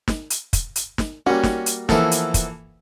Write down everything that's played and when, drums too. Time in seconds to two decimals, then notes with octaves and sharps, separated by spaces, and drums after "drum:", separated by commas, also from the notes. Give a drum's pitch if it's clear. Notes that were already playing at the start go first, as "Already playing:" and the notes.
0.08 drum: snare
0.30 drum: hi-hat
0.53 drum: kick, hi-hat
0.76 drum: hi-hat
0.98 drum: snare
1.26 G3 A#3 C#4 F#4
1.43 drum: snare
1.66 drum: hi-hat
1.89 E3 F3 A#3 B3 E4 A4, drum: snare
2.11 drum: hi-hat
2.34 drum: kick, hi-hat